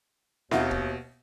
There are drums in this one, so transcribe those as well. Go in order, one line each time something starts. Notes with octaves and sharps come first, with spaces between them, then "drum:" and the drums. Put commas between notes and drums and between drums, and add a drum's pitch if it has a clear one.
D#2 B2 D#4 F4 E5 F#5, drum: snare C4
drum: kick